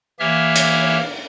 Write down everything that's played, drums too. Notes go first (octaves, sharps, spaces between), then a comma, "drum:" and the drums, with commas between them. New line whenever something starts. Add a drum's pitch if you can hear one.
E3 A#3 G4 C#5 E5 F6
drum: hi-hat